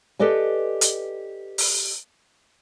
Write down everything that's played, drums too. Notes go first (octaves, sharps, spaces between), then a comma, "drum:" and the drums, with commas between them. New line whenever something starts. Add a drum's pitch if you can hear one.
G4 A4 B4 D5 D#5 G#5
drum: hi-hat
drum: open hi-hat